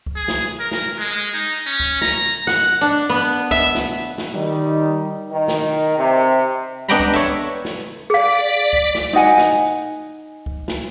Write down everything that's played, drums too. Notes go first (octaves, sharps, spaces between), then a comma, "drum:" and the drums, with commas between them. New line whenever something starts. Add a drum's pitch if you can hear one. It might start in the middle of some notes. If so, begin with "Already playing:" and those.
drum: kick C#2
G#4
drum: snare
A#4
drum: snare
G#3
D#4
C#4
drum: kick C#2
A#5, drum: snare
F#5, drum: snare
D4
B3
E5, drum: kick C#2
drum: snare
drum: snare
D#3 G3 D#4
D#3
drum: snare
C3
B3 D4 D#5 G5 A#5 B5
drum: kick C#2
C#5 E5
drum: snare
G#4 D5 F5 D6 B6
drum: kick C#2
drum: snare
D#4 D#5 F#5 G#5
drum: snare
drum: kick C#2
drum: snare